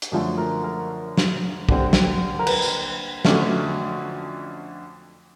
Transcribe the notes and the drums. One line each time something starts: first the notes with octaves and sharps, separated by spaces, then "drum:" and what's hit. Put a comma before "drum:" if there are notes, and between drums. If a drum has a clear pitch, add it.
drum: hi-hat
F#2 D3 F3 A3
A#4
A#4
drum: snare
D#2 D3 G3 C4, drum: kick
drum: snare
A#4
B4, drum: cymbal
drum: tambourine
F2 D3 F#3 A3 C#4, drum: snare